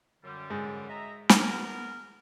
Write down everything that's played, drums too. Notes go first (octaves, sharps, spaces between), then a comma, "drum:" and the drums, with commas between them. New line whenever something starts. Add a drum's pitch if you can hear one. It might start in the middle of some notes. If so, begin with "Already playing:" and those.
F#2 D3 G3
G#2
D#5 E5 A#5
B3 A#4, drum: snare